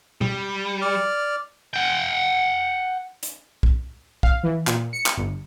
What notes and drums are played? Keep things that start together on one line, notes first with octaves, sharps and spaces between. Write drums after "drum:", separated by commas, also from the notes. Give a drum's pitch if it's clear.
G3, drum: tom B2
D5 F6
F#5 G5
drum: hi-hat
drum: kick
F5, drum: kick
E3
A#2, drum: clap
C#7
drum: clap
G1